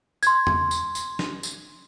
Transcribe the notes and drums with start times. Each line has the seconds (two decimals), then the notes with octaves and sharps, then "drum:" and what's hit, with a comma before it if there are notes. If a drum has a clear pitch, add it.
0.23 C6 G#6, drum: tambourine
0.47 drum: tom E2
0.71 drum: tambourine
0.95 drum: tambourine
1.19 drum: snare
1.43 drum: tambourine